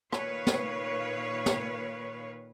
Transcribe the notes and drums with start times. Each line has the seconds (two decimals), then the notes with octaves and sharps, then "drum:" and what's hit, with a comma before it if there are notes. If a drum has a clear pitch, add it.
0.13 A#2 D#3 B4 C#5 F5, drum: rim click
0.47 drum: snare
1.46 drum: snare